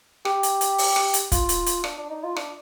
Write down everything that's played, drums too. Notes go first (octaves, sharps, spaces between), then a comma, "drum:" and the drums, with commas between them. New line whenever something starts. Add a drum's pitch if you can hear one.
G4, drum: rim click
drum: hi-hat
drum: hi-hat
drum: open hi-hat
drum: rim click
drum: hi-hat
F4, drum: kick, hi-hat
drum: hi-hat
drum: hi-hat
D4, drum: rim click
D4
D#4
F4
D4, drum: rim click